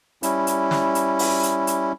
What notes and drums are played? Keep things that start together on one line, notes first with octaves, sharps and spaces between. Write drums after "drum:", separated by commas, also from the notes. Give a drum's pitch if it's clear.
G3 C#4 E4, drum: hi-hat
drum: hi-hat
drum: snare
drum: hi-hat
drum: open hi-hat
drum: hi-hat
drum: hi-hat